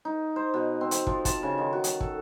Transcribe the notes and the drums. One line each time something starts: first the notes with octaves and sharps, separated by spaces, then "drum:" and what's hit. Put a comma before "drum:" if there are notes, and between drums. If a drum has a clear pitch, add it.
D#4
C5
B2
C4
drum: hi-hat
F3, drum: kick
A5, drum: kick, hi-hat
C#3
D#3
F#4
drum: hi-hat
A4, drum: kick